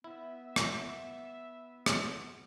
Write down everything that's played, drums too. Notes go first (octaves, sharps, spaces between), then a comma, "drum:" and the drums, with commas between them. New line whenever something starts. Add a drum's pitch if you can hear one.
B3 E4 E5
drum: rim click
drum: rim click